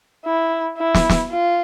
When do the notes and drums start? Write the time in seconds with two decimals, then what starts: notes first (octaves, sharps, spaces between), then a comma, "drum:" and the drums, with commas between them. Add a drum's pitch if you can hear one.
0.25 E4
0.78 E4
0.94 drum: snare
1.09 drum: snare
1.31 F4